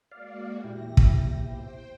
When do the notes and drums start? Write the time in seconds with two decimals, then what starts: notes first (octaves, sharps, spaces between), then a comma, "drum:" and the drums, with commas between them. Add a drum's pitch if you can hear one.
0.12 G#3 A#3 F#4 D5 F5
0.64 E2 A#2 E4 G4 A#6
0.97 drum: kick
1.42 C5 G5